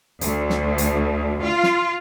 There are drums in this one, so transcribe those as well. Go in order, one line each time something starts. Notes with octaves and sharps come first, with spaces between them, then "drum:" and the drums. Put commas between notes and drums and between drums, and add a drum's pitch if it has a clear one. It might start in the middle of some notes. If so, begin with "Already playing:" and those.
D2, drum: hi-hat
drum: snare
drum: hi-hat
F4
drum: snare